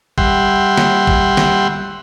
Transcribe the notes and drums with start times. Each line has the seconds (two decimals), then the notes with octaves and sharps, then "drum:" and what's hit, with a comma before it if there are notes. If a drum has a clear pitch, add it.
0.18 G3 E5 F#5 G5 C6, drum: kick
0.77 drum: snare
1.07 drum: kick
1.37 drum: snare